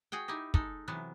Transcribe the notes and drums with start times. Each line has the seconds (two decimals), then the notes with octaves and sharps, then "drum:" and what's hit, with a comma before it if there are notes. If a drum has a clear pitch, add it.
0.12 F#4 G#4 F#5 G5
0.28 D#4 E4 G4 D#5
0.54 G#3 D#4 A4, drum: kick
0.88 C3 E3 F#3 B3